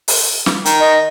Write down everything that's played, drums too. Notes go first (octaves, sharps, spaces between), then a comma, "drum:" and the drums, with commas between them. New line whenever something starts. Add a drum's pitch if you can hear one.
drum: open hi-hat
drum: snare
D#3, drum: hi-hat
D#5